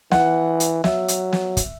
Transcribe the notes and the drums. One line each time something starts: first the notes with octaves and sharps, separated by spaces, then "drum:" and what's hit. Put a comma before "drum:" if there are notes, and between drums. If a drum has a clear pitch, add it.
E3 F#5, drum: snare
drum: hi-hat
F#3 E5, drum: snare
drum: hi-hat
drum: snare
drum: kick, hi-hat